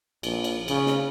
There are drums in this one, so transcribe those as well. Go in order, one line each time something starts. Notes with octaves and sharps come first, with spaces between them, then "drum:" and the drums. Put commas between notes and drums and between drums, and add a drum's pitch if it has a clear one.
A#1, drum: cymbal
drum: cymbal
C#3, drum: cymbal
drum: snare